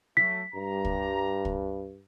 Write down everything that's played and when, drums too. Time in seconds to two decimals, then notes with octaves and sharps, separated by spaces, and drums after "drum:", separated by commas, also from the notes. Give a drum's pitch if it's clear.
0.17 F#3 A3 B6
0.54 G2 G3 G4 A#5
0.85 drum: kick
1.45 drum: kick